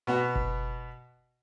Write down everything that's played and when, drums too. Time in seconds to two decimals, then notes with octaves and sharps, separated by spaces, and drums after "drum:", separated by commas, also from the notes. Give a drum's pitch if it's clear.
0.07 B2 B3 F#4
0.35 drum: kick F#1